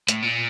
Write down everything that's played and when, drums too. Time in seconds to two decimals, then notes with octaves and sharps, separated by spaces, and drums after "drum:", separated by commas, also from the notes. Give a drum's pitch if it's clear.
0.08 A2, drum: hi-hat
0.23 A#2